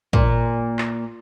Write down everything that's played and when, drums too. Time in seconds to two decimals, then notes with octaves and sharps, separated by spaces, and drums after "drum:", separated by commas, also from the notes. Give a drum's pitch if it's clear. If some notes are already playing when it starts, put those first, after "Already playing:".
0.13 A#2, drum: kick
0.79 drum: clap